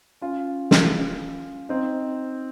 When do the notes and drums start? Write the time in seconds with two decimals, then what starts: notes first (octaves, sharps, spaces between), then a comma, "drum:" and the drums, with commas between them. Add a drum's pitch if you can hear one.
0.21 C#4 F4
0.71 drum: snare
1.69 C4 D#4